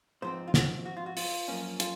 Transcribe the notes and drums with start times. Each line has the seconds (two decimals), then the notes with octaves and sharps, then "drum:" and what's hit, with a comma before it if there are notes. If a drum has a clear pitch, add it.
0.22 G#2 F3 C4 C5
0.48 F4
0.54 F#4, drum: snare
0.86 F#4
0.97 F4
1.06 F#4
1.17 F4, drum: open hi-hat
1.48 F#2 F3 A#3 C#4
1.80 F4, drum: hi-hat